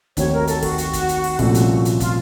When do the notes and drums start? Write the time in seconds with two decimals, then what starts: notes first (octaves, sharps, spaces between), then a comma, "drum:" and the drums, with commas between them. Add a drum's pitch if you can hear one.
0.17 D#2 D#3 A3 C4 F#4 C#5, drum: kick, hi-hat
0.33 A#4
0.47 A4, drum: hi-hat
0.63 F#4, drum: kick, open hi-hat
0.78 drum: hi-hat
0.93 drum: kick, hi-hat
1.09 drum: hi-hat
1.24 drum: open hi-hat
1.39 C2 A#2 F3 A3 C#4, drum: kick, open hi-hat
1.55 drum: hi-hat
1.85 drum: hi-hat
2.00 F4, drum: kick, hi-hat